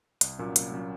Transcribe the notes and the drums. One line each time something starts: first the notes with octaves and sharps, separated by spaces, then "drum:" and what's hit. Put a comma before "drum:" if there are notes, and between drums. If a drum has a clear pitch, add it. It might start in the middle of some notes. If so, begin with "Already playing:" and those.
C2, drum: hi-hat
A#2 F#3 A#3 C#4
C2, drum: hi-hat
A#2 F#3 A#3 C#4